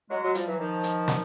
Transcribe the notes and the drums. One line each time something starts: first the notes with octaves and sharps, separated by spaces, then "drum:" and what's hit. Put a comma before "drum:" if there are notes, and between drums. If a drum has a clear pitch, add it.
F#3 G#3
F#3 G#3
F3 G3, drum: hi-hat
E3 F#3
D#3 F3
drum: hi-hat
drum: snare